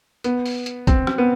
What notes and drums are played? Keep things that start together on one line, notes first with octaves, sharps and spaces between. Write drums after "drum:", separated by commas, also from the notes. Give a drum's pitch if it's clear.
B3, drum: hi-hat
drum: open hi-hat
drum: hi-hat
C4, drum: kick, hi-hat
drum: rim click
B3